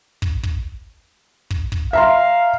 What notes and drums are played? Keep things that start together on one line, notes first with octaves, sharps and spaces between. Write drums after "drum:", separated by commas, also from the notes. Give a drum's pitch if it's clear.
drum: kick
drum: kick
drum: kick
drum: kick
E5 F5 A#5 C6